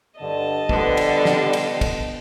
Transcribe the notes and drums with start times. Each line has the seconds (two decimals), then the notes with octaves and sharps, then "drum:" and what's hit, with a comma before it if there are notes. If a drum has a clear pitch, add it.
0.20 G2 D3 D#5 A5
0.69 B2 D3 F3 G3 B3, drum: kick
0.97 drum: cymbal
1.25 drum: snare
1.53 drum: cymbal
1.81 drum: kick, cymbal